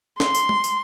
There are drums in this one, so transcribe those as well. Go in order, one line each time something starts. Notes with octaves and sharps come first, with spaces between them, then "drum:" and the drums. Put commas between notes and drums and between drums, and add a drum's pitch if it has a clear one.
C6, drum: snare
drum: tambourine
drum: tom G#3
drum: tambourine